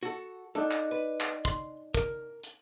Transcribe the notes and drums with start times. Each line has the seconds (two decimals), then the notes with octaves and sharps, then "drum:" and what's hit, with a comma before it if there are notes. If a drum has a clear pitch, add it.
0.03 F#4 A4
0.55 D4 D#4 A4
0.71 drum: clap
0.91 B4
1.20 drum: clap
1.45 C6, drum: kick, hi-hat
1.94 A#4, drum: kick, hi-hat
2.43 drum: hi-hat